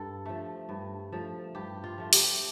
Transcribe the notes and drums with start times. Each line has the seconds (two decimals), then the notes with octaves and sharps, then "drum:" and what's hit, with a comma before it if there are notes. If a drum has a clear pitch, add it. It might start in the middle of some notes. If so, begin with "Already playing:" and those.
Already playing: G2 A4
0.26 F3 A3
0.69 G2
1.12 F3 A3
1.55 G2 G4
1.84 F4
1.98 F3 A3
2.13 G4, drum: open hi-hat